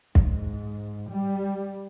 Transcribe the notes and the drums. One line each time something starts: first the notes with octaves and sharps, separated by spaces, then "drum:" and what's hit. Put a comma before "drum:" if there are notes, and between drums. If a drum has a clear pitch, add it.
G#2, drum: kick
G3